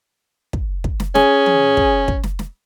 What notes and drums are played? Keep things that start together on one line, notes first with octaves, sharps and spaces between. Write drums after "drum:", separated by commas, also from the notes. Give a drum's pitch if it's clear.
drum: kick
drum: kick
drum: snare
C#4 G#4, drum: snare
drum: tom E3
drum: kick
drum: kick
drum: snare
drum: snare